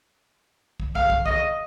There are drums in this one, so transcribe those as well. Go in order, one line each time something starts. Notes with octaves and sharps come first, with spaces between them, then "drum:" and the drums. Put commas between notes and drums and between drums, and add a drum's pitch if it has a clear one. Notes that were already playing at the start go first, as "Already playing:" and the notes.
drum: kick
F5, drum: kick
drum: kick
D#5, drum: kick